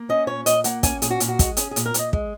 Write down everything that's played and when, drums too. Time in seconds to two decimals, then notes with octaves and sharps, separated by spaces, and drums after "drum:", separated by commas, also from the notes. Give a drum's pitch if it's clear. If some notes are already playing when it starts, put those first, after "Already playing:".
Already playing: A#3
0.09 C#4 D#5
0.27 A#2 C#5
0.46 A#2 D#5, drum: hi-hat
0.64 A#3 F#5, drum: hi-hat
0.83 C#4 G#5, drum: kick, hi-hat
1.02 A#2 G#4, drum: hi-hat
1.10 F#4
1.20 A#2, drum: hi-hat
1.28 F#4
1.39 G#3, drum: kick, hi-hat
1.57 C#4 G#4, drum: hi-hat
1.71 G#4
1.76 A#2, drum: hi-hat
1.86 A#4
1.94 A#2 D#5, drum: hi-hat
2.13 G#3, drum: kick